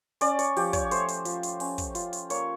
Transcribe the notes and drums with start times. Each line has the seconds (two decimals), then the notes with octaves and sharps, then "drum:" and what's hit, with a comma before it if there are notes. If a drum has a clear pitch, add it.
0.21 C#4 D5, drum: hi-hat
0.39 C#5, drum: hi-hat
0.56 F3 G4, drum: open hi-hat
0.73 C#5, drum: kick, hi-hat
0.91 A3 C5, drum: hi-hat
1.08 drum: hi-hat
1.25 F3, drum: hi-hat
1.43 drum: hi-hat
1.60 C#4, drum: open hi-hat
1.78 drum: kick, hi-hat
1.95 F4, drum: hi-hat
2.13 drum: hi-hat
2.30 A#3 C#5, drum: hi-hat